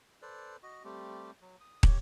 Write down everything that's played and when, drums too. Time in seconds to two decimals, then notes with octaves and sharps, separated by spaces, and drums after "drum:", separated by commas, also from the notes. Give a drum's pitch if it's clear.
0.22 A4 B4 C5 D5
0.63 F#4 D#5
0.84 G3 A3 C4 G4
1.42 F#3
1.60 D#6
1.83 G4 C#5, drum: kick